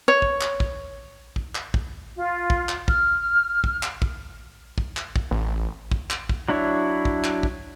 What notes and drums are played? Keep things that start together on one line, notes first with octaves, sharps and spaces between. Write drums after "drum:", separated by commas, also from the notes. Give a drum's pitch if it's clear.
C#5
drum: kick
drum: clap
drum: kick
drum: kick
drum: clap
drum: kick
F4
drum: kick
drum: clap
F6, drum: kick
drum: kick
drum: clap
drum: kick
drum: kick
drum: clap
drum: kick
A1
drum: kick
drum: clap
drum: kick
F#3 D4 E4 C#5
drum: kick
drum: clap
drum: kick